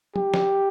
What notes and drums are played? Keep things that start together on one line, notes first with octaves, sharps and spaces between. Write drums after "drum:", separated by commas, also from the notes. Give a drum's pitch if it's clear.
G4, drum: tom
drum: snare